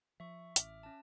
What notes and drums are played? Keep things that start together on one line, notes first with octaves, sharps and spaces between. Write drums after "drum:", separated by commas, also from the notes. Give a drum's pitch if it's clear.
F3 E5 C#6
A1 E5 D6 F6, drum: hi-hat
C#4 A5